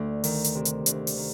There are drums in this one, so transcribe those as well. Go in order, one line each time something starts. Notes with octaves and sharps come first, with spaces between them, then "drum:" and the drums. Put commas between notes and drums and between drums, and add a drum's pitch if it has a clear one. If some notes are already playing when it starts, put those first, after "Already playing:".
Already playing: D2
D#3, drum: open hi-hat
drum: hi-hat
C3
drum: hi-hat
D2, drum: hi-hat
drum: open hi-hat
D#3